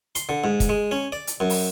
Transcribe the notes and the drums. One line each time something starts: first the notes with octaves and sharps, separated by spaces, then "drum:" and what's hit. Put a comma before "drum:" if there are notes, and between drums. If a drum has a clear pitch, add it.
C6, drum: hi-hat
D3
G#2
drum: kick, hi-hat
G#3
C#4
D5
drum: hi-hat
F#2
drum: open hi-hat